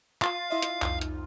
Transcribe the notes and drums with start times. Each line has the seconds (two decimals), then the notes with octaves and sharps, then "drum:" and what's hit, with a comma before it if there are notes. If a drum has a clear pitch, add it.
0.22 F4 F5, drum: clap
0.50 E4 D#5 E5
0.62 drum: hi-hat
0.82 C2 F2 D#4, drum: clap
1.01 drum: hi-hat